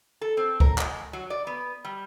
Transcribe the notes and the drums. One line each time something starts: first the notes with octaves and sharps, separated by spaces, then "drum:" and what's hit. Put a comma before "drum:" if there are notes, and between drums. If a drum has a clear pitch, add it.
A4
C4
A#4, drum: kick
G#3, drum: clap
F#3
D5
B3
G3